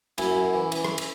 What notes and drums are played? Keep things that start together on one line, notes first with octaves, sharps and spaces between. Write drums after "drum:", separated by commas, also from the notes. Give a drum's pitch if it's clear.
F#2 C#4 E4, drum: cymbal
F#2
E3
E3, drum: cymbal
drum: rim click
drum: cymbal